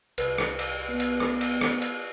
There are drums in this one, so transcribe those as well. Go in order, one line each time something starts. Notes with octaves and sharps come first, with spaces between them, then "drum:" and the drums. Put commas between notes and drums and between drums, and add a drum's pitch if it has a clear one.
C2 B4, drum: cymbal
drum: rim click
drum: cymbal
B3
drum: cymbal
drum: rim click
drum: cymbal
drum: rim click
drum: cymbal